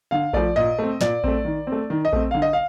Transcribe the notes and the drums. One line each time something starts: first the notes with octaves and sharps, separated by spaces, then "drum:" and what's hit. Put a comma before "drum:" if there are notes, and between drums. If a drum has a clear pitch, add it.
D3 F5
F3 A3 D5, drum: kick A#1
A#2 D#5
A3 C4
A#2 D5, drum: snare
A3 C4, drum: kick A#1
D#3
C4
A3
D#3
D#5
A3 C4, drum: kick A#1
D3 F5
D#5
F5